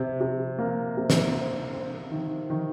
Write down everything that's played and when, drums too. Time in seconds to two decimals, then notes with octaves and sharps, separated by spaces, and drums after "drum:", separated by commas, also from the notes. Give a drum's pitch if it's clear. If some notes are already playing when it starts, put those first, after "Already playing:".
Already playing: C3
0.21 C3
0.59 A#3
0.97 C3
1.10 drum: snare
1.35 C4
1.73 C4
2.12 D#3
2.50 D#3